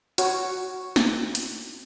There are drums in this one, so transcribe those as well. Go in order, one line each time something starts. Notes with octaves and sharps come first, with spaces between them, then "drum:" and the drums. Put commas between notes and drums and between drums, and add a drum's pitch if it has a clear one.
F#4 C#5, drum: hi-hat
drum: snare
drum: hi-hat